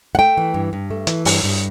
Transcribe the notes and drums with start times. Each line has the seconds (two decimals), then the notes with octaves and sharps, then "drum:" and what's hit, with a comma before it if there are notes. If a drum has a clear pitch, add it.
0.15 F#5
0.19 A3 G5
0.37 E3
0.54 G2
0.73 G2
0.90 A3
1.07 E3, drum: hi-hat
1.25 G2, drum: open hi-hat
1.43 G2